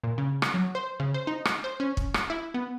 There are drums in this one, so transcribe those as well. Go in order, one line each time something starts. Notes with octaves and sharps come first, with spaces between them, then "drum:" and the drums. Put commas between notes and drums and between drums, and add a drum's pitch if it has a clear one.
A#2
C#3
drum: rim click
F#3
C5
C#3
C5
D#4
drum: rim click
C5
C#4
drum: kick
drum: rim click
E4
B3